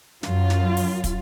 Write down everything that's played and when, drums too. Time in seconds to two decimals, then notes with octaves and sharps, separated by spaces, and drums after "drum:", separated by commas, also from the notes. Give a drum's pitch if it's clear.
0.23 F#2 F4, drum: snare
0.50 drum: snare
0.77 drum: open hi-hat
1.04 drum: kick, hi-hat